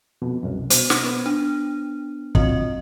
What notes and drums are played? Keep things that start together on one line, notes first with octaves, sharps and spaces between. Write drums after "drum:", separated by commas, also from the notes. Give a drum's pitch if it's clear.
F2 B2
C2 F#2
B2 C5, drum: hi-hat
drum: snare
B3
D4
F#3 C4 F4 D#5, drum: kick